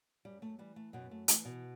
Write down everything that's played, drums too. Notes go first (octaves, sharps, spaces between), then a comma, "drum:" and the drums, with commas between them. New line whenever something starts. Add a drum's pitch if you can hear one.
F#2 G3
A3
E3 G3
A3
F#2 B2 B3
A3
E3 A3, drum: hi-hat
B2 B3